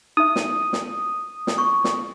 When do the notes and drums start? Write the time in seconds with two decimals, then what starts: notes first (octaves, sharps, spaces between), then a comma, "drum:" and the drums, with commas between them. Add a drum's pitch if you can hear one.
0.17 D#4 E5 D#6
0.36 drum: snare
0.73 drum: snare
1.47 drum: snare
1.58 C#6
1.84 drum: snare